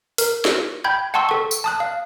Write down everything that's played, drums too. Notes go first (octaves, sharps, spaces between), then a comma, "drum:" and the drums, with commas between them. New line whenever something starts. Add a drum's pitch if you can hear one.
A#4, drum: open hi-hat
drum: snare
G5 B5 G6 G#6
F#5 G5 A5 C6 C#6 E6
A4 C#6
drum: tambourine
A5 D#6 F#6
F5